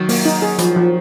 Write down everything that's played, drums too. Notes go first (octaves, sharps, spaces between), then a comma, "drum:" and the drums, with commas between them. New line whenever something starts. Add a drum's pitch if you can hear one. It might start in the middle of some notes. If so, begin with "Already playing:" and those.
Already playing: D#3 F#3
A#3, drum: open hi-hat
D#4
G#4
F3, drum: hi-hat
F3